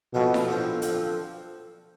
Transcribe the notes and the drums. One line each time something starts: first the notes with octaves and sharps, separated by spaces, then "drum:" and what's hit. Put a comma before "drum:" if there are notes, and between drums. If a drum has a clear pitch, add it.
B2 D3 F3 C4 F4
drum: snare E4
D3 F3 C4 F4
D3 F3 C4 F4, drum: hi-hat